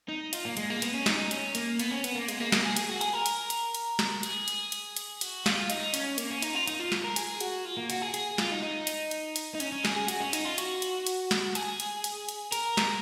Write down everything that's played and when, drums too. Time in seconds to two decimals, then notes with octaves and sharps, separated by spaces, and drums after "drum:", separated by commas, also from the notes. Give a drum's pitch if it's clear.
0.09 D#4
0.33 F4, drum: hi-hat
0.45 A#3
0.57 G#3, drum: hi-hat
0.70 A#3
0.82 B3, drum: hi-hat
0.94 C#4
1.06 D#4, drum: snare
1.18 D#4
1.31 C#4, drum: hi-hat
1.55 A#3, drum: hi-hat
1.79 B3, drum: hi-hat
1.91 C#4
2.04 B3, drum: hi-hat
2.15 A#3
2.28 G#3, drum: hi-hat
2.40 A#3
2.52 A#3, drum: snare
2.65 G#4
2.77 G#4, drum: hi-hat
2.90 F#4
3.01 G#4, drum: hi-hat
3.14 A#4
3.26 drum: hi-hat
3.50 drum: hi-hat
3.74 drum: hi-hat
3.99 drum: snare
4.23 G#4, drum: hi-hat
4.48 drum: hi-hat
4.72 drum: hi-hat
4.97 drum: hi-hat
5.21 F#4, drum: hi-hat
5.46 F4, drum: snare
5.70 D#4, drum: hi-hat
5.94 C#4, drum: hi-hat
6.18 A#3, drum: hi-hat
6.31 C#4
6.42 D#4, drum: hi-hat
6.55 F4
6.67 D#4, drum: hi-hat
6.80 F4
6.92 drum: snare
7.04 A#4
7.16 G#4, drum: hi-hat
7.40 F#4, drum: hi-hat
7.65 F4
7.77 A#3
7.90 F#4, drum: hi-hat
8.02 G#4
8.14 G#4, drum: hi-hat
8.38 F4, drum: snare
8.51 D#4
8.62 D#4
8.87 drum: hi-hat
9.11 drum: hi-hat
9.36 drum: hi-hat
9.55 D#4
9.60 C#4, drum: hi-hat
9.72 C#4
9.85 G#4, drum: snare
9.96 G#4
10.08 F#4, drum: hi-hat
10.21 C#4
10.33 D#4, drum: hi-hat
10.45 F4
10.58 F#4, drum: hi-hat
10.82 drum: hi-hat
11.07 drum: hi-hat
11.31 drum: snare
11.55 G#4, drum: hi-hat
11.80 drum: hi-hat
12.04 drum: hi-hat
12.29 drum: hi-hat
12.52 A#4, drum: hi-hat
12.77 drum: snare